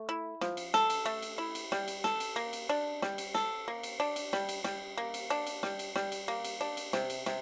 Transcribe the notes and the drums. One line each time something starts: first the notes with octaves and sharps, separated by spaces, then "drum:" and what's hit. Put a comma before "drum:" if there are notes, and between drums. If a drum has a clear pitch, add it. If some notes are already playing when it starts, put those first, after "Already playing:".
Already playing: A3
E4
F3, drum: snare
drum: cymbal
A4, drum: snare
drum: cymbal
A3
drum: cymbal
E4
drum: cymbal
G3, drum: snare
drum: cymbal
A4, drum: snare
drum: cymbal
A#3
drum: cymbal
D4
G3, drum: snare
drum: cymbal
A4, drum: snare
A#3
drum: cymbal
D4
drum: cymbal
G3, drum: snare
drum: cymbal
G3, drum: snare
A#3
drum: cymbal
D4
drum: cymbal
G3, drum: snare
drum: cymbal
G3, drum: snare
drum: cymbal
A#3
drum: cymbal
D4
drum: cymbal
C3, drum: snare
drum: cymbal
C3, drum: snare